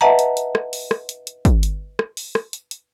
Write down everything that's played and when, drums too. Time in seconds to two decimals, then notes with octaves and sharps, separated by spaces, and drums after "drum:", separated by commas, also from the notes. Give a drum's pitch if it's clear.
0.01 B4 D#5 E5 F#5 A5 A#5
0.19 drum: hi-hat
0.37 drum: hi-hat
0.55 drum: rim click
0.73 drum: open hi-hat
0.91 drum: rim click
1.09 drum: hi-hat
1.27 drum: hi-hat
1.45 drum: kick, hi-hat
1.63 drum: hi-hat
1.99 drum: rim click
2.17 drum: open hi-hat
2.35 drum: rim click
2.53 drum: hi-hat
2.71 drum: hi-hat